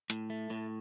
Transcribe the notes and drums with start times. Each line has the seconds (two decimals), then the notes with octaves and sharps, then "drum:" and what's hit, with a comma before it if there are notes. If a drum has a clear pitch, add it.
0.10 A2, drum: hi-hat
0.30 A3
0.50 A2